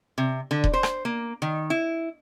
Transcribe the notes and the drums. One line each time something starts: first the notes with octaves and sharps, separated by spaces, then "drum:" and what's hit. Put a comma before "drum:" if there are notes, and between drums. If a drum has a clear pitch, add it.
C3
D3
drum: kick D#1
C5
drum: rim click
A#3
D#3
E4